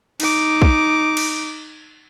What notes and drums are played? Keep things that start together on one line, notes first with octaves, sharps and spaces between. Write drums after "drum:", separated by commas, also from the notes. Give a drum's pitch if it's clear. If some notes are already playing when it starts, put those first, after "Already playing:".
D#4 D6, drum: cymbal
drum: kick
drum: cymbal